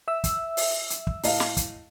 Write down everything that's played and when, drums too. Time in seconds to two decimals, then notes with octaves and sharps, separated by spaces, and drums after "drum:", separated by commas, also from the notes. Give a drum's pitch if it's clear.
0.08 E5 E6
0.24 drum: kick, hi-hat
0.57 drum: open hi-hat
0.90 drum: hi-hat
1.07 drum: kick
1.23 A2 D#5 F5, drum: open hi-hat
1.40 drum: snare
1.57 drum: kick, hi-hat